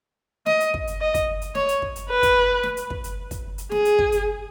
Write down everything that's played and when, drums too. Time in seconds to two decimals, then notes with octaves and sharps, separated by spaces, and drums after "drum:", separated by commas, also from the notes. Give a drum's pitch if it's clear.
0.46 D#5, drum: snare
0.60 drum: hi-hat
0.74 drum: kick
0.87 drum: hi-hat
1.01 D#5
1.14 drum: kick, hi-hat
1.42 drum: hi-hat
1.55 C#5, drum: snare
1.69 drum: hi-hat
1.82 drum: kick
1.96 drum: hi-hat
2.10 B4
2.23 drum: kick, hi-hat
2.63 drum: snare
2.77 drum: hi-hat
2.90 drum: kick
3.04 drum: hi-hat
3.31 drum: kick, hi-hat
3.58 drum: hi-hat
3.71 G#4, drum: snare
3.85 drum: hi-hat
3.99 drum: kick
4.12 drum: hi-hat